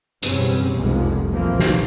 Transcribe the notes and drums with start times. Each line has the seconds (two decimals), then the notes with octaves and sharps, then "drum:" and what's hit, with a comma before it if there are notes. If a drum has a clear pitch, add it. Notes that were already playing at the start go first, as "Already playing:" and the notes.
0.23 F#1 E2 B2 G3 C4 C#4, drum: hi-hat
0.77 F1 C2 F2 G3 G#3 A#3
1.32 A#1 A#2 E3 F3 A#3 C4
1.59 drum: snare